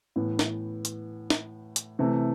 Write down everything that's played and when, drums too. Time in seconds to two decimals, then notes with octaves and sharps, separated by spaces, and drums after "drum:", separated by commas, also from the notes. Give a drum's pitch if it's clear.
0.16 A2 E3 B3
0.39 drum: snare
0.85 drum: hi-hat
1.30 drum: snare
1.76 drum: hi-hat
1.99 C3 E3 A3